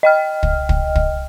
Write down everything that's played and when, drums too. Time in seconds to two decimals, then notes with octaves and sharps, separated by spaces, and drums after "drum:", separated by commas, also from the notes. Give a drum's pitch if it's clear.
0.03 D#5 G5 F6
0.43 drum: kick
0.69 drum: kick
0.95 drum: kick